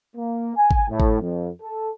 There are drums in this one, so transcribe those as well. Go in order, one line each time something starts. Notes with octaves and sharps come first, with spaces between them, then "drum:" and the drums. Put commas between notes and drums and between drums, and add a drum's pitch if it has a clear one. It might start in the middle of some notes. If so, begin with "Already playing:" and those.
A#3
G#5
drum: kick G#1
A2
drum: kick G#1
F2
A4